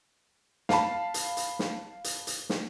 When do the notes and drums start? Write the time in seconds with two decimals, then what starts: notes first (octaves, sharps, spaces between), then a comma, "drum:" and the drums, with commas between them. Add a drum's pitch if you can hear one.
0.69 F5 A5 B5, drum: snare
1.14 drum: hi-hat
1.37 drum: hi-hat
1.59 drum: snare
2.04 drum: hi-hat
2.27 drum: hi-hat
2.49 drum: snare